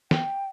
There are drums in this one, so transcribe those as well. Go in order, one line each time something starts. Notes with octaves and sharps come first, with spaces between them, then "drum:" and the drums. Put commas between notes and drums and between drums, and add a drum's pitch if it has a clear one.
G5, drum: snare